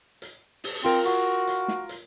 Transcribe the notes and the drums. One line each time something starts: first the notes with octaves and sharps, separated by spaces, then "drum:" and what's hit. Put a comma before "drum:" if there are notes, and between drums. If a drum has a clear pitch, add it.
drum: hi-hat
drum: open hi-hat
C4 F4 A#4
F#4, drum: hi-hat
drum: hi-hat
drum: snare
drum: hi-hat